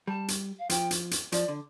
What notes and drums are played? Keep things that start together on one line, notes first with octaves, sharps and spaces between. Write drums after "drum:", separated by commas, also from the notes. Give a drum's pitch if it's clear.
G3 A5
drum: hi-hat
F5
F3 G5, drum: hi-hat
drum: hi-hat
drum: hi-hat
F3 D5, drum: hi-hat
D3